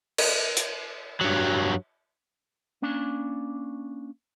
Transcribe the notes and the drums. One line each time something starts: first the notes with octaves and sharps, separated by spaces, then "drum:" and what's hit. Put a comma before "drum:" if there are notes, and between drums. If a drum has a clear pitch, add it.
drum: cymbal
drum: hi-hat
G2 F#3
A#3 C#4 D4